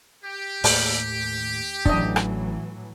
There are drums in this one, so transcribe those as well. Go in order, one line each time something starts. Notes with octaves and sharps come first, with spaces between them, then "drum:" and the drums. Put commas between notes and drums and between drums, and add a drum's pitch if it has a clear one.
G4
D#2 A2 A3, drum: open hi-hat
A1 A2 E3 F#3 A3 C#4 D4 D#5, drum: kick
drum: rim click